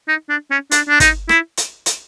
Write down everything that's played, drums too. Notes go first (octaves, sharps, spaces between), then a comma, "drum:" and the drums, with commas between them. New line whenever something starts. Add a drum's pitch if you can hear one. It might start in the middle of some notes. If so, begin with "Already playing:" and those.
D#4
D4
C#4
D4, drum: hi-hat
D4
D#4, drum: kick, hi-hat
E4, drum: rim click
drum: hi-hat
drum: hi-hat